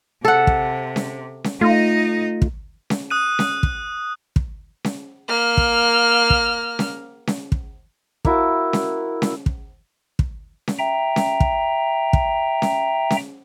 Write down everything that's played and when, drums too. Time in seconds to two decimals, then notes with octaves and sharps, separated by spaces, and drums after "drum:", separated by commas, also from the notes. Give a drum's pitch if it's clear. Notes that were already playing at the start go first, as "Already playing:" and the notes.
0.25 C3 A4 F#5
0.47 drum: kick
0.96 drum: snare C#4
1.44 drum: snare C#4
1.61 A3 D#4 F4 D#5
2.42 drum: kick
2.90 drum: snare C#4
3.10 D#6 F#6 D#7
3.39 drum: snare C#4
3.63 drum: kick
4.36 drum: kick
4.84 drum: snare C#4
5.28 A#3 F6
5.57 drum: kick
6.30 drum: kick
6.79 drum: snare C#4
7.27 drum: snare C#4
7.52 drum: kick
8.25 A#3 E4 F#4, drum: kick
8.73 drum: snare C#4
9.22 drum: snare C#4
9.46 drum: kick
10.19 drum: kick
10.68 drum: snare C#4
10.79 E5 G5 A#5
11.16 drum: snare C#4
11.40 drum: kick
12.13 drum: kick
12.62 drum: snare C#4
13.10 drum: snare C#4